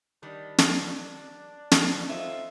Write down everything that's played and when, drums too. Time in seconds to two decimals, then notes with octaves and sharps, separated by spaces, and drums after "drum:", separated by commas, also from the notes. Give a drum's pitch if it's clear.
0.23 D#3 G3 D4
0.58 drum: snare
1.71 drum: snare
2.09 F2 D#4 F4 E5